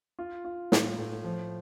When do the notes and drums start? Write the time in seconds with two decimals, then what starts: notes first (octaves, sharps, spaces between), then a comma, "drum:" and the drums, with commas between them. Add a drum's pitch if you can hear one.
0.19 F4
0.45 F4
0.72 A2, drum: snare
0.98 A2
1.24 F3